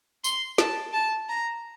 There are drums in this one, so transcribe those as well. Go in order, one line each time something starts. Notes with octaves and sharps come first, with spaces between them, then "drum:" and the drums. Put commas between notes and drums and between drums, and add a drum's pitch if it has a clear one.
C6, drum: tambourine
A5, drum: snare
A5
A#5